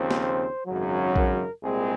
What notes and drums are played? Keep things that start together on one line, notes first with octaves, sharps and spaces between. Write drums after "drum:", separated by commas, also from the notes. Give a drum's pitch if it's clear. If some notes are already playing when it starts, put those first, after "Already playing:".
Already playing: D#2 C#3 F3 C4 C5
drum: snare
G#1 F#2 C#3 F#3
A#4, drum: kick A#1
C2 A#2 G#3 C4 G#4